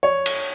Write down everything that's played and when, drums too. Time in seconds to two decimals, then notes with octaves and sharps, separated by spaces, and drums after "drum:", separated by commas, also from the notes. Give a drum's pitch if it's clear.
0.03 C#5
0.26 drum: cymbal